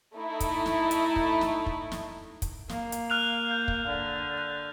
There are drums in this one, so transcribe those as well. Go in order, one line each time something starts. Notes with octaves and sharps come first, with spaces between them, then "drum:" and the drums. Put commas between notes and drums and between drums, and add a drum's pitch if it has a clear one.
A3 D#4 E4
drum: kick, hi-hat
drum: snare
drum: hi-hat
drum: kick
drum: snare
drum: kick
drum: snare
drum: kick, hi-hat
A#3, drum: snare
drum: hi-hat
F6 F#6 F7
G6
drum: kick
D3
F#6